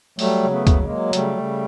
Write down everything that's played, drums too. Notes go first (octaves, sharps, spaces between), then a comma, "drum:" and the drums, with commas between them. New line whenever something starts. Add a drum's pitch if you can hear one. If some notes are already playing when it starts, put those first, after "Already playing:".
F#3 G3 A3, drum: open hi-hat
C#3
A3 B3
F#3, drum: kick C#2, hi-hat
G#3 A#3
F#3
C#3 G3 A3, drum: hi-hat
C#3